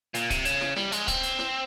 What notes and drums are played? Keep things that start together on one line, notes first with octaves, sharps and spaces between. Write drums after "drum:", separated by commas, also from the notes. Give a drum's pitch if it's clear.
A#2, drum: hi-hat
C3, drum: kick C#1, hi-hat
C#3, drum: hi-hat
drum: snare
G3, drum: snare
G#3, drum: hi-hat
C4, drum: kick C#1, hi-hat
drum: hi-hat
drum: snare